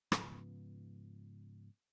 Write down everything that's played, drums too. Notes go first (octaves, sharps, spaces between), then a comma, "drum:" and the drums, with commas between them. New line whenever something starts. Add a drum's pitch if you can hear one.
G#2 C#3 F3 B3, drum: rim click